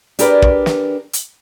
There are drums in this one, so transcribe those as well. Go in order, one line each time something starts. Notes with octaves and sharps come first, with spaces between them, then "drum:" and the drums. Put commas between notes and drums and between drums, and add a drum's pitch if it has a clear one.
D4 G4 G#4 A#4 B4 D5, drum: hi-hat
drum: kick
drum: snare
drum: hi-hat